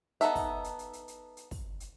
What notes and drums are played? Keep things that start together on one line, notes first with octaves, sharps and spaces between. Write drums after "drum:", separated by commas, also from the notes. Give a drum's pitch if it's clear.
B3 D#4 A4 E5, drum: hi-hat
drum: kick, open hi-hat
drum: hi-hat
drum: hi-hat
drum: hi-hat
drum: hi-hat
drum: hi-hat
drum: kick, open hi-hat
drum: hi-hat